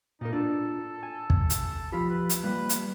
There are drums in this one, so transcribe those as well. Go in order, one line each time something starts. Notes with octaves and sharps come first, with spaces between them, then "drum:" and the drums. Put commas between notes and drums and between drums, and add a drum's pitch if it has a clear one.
A#2 D#4 A#4
D4 F4 A4 D5
G#5
drum: kick
drum: hi-hat
F3 F4 G4 B5
B4
drum: hi-hat
G3 A#3 B4
drum: hi-hat